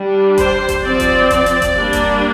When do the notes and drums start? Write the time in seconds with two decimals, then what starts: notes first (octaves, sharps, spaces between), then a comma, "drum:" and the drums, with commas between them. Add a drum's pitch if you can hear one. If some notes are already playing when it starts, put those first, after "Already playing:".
Already playing: G3 D4
0.38 C5, drum: kick F#1, hi-hat
0.69 drum: kick F#1, hi-hat
0.84 F3 C4 D5
1.00 drum: kick F#1, hi-hat
1.30 D5, drum: kick F#1, hi-hat
1.46 drum: hi-hat
1.62 drum: kick F#1, hi-hat
1.77 G3 A#3 D4
1.93 drum: kick F#1, hi-hat